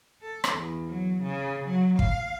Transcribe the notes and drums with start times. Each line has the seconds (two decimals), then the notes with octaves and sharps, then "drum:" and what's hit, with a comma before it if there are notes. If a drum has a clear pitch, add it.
0.22 A4
0.44 drum: rim click
0.55 E2
0.88 F#3
1.22 C#3
1.67 F#3
1.99 F5, drum: kick